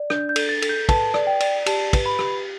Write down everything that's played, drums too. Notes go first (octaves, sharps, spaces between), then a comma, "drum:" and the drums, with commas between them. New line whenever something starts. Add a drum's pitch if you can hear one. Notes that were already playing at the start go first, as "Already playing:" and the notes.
Already playing: D5
D4 G6, drum: rim click
G6
A4, drum: cymbal
A6
A4, drum: cymbal
G6
B4 A5, drum: kick, cymbal
D5, drum: rim click
G5
D5, drum: cymbal
G4 A5, drum: cymbal
B4, drum: kick, cymbal
B5
G4, drum: rim click